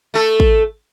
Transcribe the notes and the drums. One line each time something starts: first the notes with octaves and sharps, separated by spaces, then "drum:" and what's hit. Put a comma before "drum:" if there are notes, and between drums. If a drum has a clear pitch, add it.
A3 A4
drum: kick